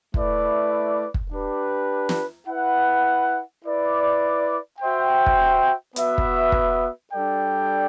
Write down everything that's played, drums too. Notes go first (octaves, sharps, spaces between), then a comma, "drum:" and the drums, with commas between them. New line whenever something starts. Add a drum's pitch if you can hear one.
A3 E4 B4 D5, drum: kick
drum: kick
D4 G4 B4
drum: snare
E4 B4 F#5
E4 B4 D5
F#4 C5 E5 G5
drum: kick
B3 F#4 B4 E5, drum: hi-hat
drum: kick
drum: kick
G3 D4 A4 D5 G5